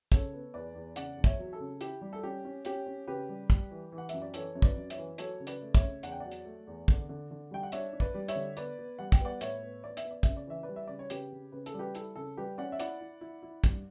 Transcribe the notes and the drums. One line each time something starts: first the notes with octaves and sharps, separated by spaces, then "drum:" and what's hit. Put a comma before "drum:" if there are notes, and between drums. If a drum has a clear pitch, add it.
C#3 A4 C#5, drum: kick, hi-hat
B3
E2 B4 D5
E2
C#3 D5 F#5, drum: hi-hat
E2
C#5 E5, drum: kick, hi-hat
F#3
A4
C#3
E4 G4, drum: hi-hat
G3
A4
C#4 G4
C#4
C#4 G4, drum: hi-hat
C#4
C#3 G4 B4
G3
G3, drum: kick, hi-hat
E3
E3
F#5
F#2 E5, drum: hi-hat
D5
E3 A4 C#5, drum: hi-hat
F#2 C#5
B4 D5, drum: kick
F#2
C#5 E5, drum: hi-hat
E3
F#3 A4 C#5, drum: hi-hat
C#3
B4 D5, drum: hi-hat
A3
C#5 E5, drum: kick, hi-hat
C#3
E2 F#5, drum: hi-hat
G5
F#3 D5 F#5
drum: hi-hat
A3
E2
D3, drum: kick
D3
D3
G3 G5
F#5
D4 C#5 E5, drum: hi-hat
D4
B4 D5, drum: kick
G3
C#5 E5, drum: hi-hat
D3
B3 B4 D5, drum: hi-hat
B3
G3 F#5
G5, drum: kick, hi-hat
B3 D5 F#5
A2 C#5 E5, drum: hi-hat
B3
B3 D5
E5, drum: hi-hat
B3
D5
C#3 E5, drum: kick, hi-hat
D5
E3 E5
B4 D5
G3
E5
C#3 D5
C#5
C#3 G4 B4, drum: hi-hat
C#3
C#3 B4
A4, drum: hi-hat
G3
G4 B4
E4 A4, drum: hi-hat
C#3 A4
G3 G4 B4
C#4 D5 F#5
E5
E4 D5 F#5, drum: hi-hat
E4
E4
E4
G2, drum: kick, hi-hat